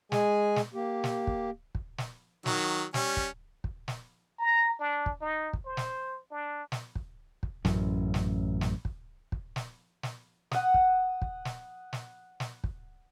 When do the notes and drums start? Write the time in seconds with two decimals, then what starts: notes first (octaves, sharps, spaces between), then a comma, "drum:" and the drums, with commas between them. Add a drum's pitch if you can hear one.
0.12 G#3 G#4 G#5, drum: snare
0.56 drum: snare
0.74 A#3 G4
1.04 drum: snare
1.27 drum: kick
1.75 drum: kick
1.98 drum: snare
2.46 D#3 F#3, drum: snare
2.94 G3 C#4, drum: snare
3.17 drum: kick
3.64 drum: kick
3.88 drum: snare
4.39 A#5
4.79 D4
5.06 drum: kick
5.21 D#4
5.53 drum: kick
5.65 C5
5.77 drum: snare
6.31 D4
6.72 drum: snare
6.95 drum: kick
7.43 drum: kick
7.65 A1 F#2, drum: snare
8.14 drum: snare
8.61 drum: snare
8.85 drum: kick
9.32 drum: kick
9.56 drum: snare
10.03 drum: snare
10.51 F#5 D#6, drum: snare
10.74 drum: kick
11.22 drum: kick
11.45 drum: snare
11.93 drum: snare
12.40 drum: snare
12.64 drum: kick